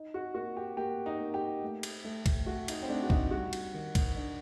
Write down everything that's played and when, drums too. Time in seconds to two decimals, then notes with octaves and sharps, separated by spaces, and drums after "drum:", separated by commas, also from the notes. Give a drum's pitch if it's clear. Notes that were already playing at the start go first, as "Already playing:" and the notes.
Already playing: D#4
0.14 F#4
0.34 A#3 F#4
0.57 G4
0.77 A#3 G4
1.06 D#4
1.20 A#3
1.34 G4
1.63 A3
1.83 drum: cymbal
2.04 A3
2.26 drum: kick, cymbal
2.46 A3 F#4
2.68 D#4, drum: cymbal
2.83 C4
2.89 A3 D4
3.03 F#4
3.10 D#4, drum: kick
3.31 G3 F#4
3.53 drum: cymbal
3.74 D#3
3.95 drum: kick, cymbal
4.16 D4